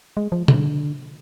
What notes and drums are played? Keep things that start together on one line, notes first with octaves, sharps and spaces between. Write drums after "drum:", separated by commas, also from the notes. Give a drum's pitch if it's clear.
G#3
F3
D3, drum: tom B2